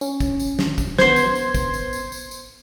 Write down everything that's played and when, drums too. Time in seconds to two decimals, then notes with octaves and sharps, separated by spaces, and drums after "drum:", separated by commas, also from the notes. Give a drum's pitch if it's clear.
0.01 C#4, drum: tambourine
0.20 drum: kick, tambourine
0.40 drum: tambourine
0.59 drum: snare
0.78 drum: kick, tambourine
0.98 B3 C5 C6 G#6, drum: snare
1.16 drum: tambourine
1.35 drum: tambourine
1.54 drum: kick, tambourine
1.74 drum: tambourine
1.93 drum: tambourine
2.12 drum: tambourine
2.31 drum: tambourine